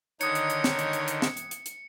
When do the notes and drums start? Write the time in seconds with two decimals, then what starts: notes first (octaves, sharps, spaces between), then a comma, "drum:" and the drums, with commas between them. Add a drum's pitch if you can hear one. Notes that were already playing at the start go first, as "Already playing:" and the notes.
0.21 D3 D#3 D#4 C#5 D#6 F#6 G#6 C#7, drum: hi-hat
0.35 drum: hi-hat
0.50 drum: hi-hat
0.64 drum: snare
0.79 drum: hi-hat
0.93 drum: hi-hat
1.08 drum: hi-hat
1.22 drum: snare
1.37 drum: hi-hat
1.51 drum: hi-hat
1.66 drum: hi-hat